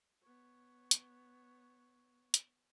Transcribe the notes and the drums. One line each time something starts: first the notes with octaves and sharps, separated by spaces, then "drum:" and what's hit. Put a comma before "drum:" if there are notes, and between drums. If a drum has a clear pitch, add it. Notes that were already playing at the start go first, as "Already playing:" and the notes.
B3 C#5
drum: hi-hat
drum: hi-hat